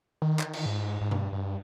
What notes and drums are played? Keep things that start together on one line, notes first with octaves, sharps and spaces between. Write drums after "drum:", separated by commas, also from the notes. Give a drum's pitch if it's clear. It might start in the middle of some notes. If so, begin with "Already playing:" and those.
D#3
drum: clap
drum: cymbal
G#2
G#2
G2, drum: tom B2
G2